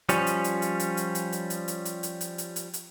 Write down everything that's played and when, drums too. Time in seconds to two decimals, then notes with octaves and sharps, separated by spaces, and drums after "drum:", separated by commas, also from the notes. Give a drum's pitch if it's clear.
0.09 F3 G3 C#4, drum: hi-hat
0.27 drum: hi-hat
0.44 drum: hi-hat
0.62 drum: hi-hat
0.80 drum: hi-hat
0.97 drum: hi-hat
1.15 drum: hi-hat
1.32 drum: hi-hat
1.50 drum: hi-hat
1.68 drum: hi-hat
1.85 drum: hi-hat
2.03 drum: hi-hat
2.21 drum: hi-hat
2.38 drum: hi-hat
2.56 drum: hi-hat
2.74 drum: hi-hat